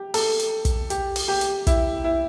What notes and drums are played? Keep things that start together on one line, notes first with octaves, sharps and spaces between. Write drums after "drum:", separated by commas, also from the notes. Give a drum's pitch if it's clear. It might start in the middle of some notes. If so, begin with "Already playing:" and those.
Already playing: G4
A4, drum: open hi-hat
drum: hi-hat
drum: kick, hi-hat
G4, drum: hi-hat
drum: open hi-hat
G4
drum: hi-hat
E4, drum: kick, hi-hat
E4